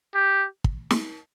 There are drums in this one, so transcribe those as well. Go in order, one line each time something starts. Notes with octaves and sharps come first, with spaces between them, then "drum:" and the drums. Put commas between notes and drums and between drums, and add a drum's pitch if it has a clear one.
G4
drum: kick
drum: snare